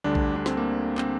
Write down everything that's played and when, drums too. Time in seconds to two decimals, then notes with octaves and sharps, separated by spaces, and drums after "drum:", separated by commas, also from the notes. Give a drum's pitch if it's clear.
0.04 D2 D3 G3 D4
0.15 drum: kick A#1
0.36 D4
0.46 C4, drum: snare
0.57 A#3
0.98 C4, drum: clap